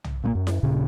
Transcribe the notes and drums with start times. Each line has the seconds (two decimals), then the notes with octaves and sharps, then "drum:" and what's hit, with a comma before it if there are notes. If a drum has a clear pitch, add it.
0.04 drum: tom
0.24 A#2 A3 A#3
0.35 F#2
0.47 drum: snare E4
0.63 D#1 A#2 C#3